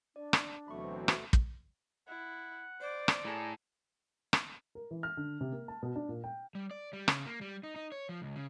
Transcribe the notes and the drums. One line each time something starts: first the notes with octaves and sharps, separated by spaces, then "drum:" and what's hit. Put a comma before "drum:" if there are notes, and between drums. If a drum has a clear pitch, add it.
D4 D5
drum: rim click
D2 B2 E3 F#3 A3 C4 B5 C#6
drum: rim click
drum: kick
E4 F#5
C5 D5
drum: rim click
A2 G#4 A4 A#5
drum: rim click
A#4
E3
F6
D3
C3
A#3
A5
B2
D4
A#2
G5
G3
D5
G3
C#3, drum: rim click
A#3
G3
D#4
D#4
C#5
F3
C#2
C#3